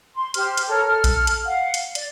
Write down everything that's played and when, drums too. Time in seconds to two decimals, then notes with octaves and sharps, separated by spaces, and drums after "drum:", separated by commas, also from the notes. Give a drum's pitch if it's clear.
0.15 C6
0.34 G4 C5 F6, drum: hi-hat
0.57 drum: hi-hat
0.67 A4 A#4 C#5 F6
0.86 A4 F6
1.04 drum: kick A#1, hi-hat
1.27 drum: hi-hat
1.44 F5 F#5
1.74 drum: hi-hat
1.95 D5, drum: hi-hat